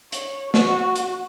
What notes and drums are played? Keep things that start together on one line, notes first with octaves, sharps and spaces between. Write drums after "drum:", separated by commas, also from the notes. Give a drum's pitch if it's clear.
C#5, drum: hi-hat
F#4, drum: snare
drum: hi-hat